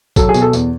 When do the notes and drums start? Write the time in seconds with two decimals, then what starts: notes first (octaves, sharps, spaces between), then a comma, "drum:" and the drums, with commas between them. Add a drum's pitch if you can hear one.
0.16 F#3 A4, drum: kick, tambourine
0.29 G#4
0.34 B2, drum: tambourine
0.42 A4
0.53 E2, drum: tambourine